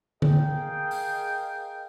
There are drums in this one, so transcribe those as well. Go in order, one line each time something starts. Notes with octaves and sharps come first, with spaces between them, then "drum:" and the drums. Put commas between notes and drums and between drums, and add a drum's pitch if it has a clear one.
G#4 A#4 D#5 F5 G5, drum: tom D3
drum: open hi-hat